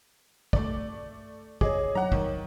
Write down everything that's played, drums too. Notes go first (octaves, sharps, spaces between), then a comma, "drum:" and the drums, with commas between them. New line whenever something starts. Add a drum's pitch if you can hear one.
A3 D5, drum: kick
G#4 C#5 D#5 D6, drum: kick
F#5 A#5, drum: tom F#3
D#3, drum: kick